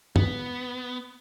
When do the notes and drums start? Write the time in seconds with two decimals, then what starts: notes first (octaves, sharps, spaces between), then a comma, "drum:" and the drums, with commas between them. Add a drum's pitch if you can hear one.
0.16 B3, drum: tom F#2